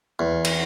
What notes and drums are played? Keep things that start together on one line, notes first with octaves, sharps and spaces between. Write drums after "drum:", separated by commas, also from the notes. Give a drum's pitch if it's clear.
E2
drum: cymbal